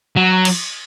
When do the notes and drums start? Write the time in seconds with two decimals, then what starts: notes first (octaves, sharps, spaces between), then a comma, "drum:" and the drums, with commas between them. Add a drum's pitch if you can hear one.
0.16 F#3
0.45 drum: cymbal